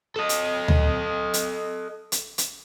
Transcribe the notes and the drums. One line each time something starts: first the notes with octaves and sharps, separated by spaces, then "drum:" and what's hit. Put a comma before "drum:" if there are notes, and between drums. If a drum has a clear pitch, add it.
A4 D#5
drum: hi-hat
drum: tom D2
drum: hi-hat
drum: hi-hat
drum: hi-hat